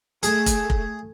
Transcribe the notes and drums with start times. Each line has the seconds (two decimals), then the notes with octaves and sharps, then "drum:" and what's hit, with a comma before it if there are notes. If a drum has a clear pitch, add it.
0.23 A3 G#4, drum: hi-hat
0.46 drum: kick F1, hi-hat
0.70 drum: kick F1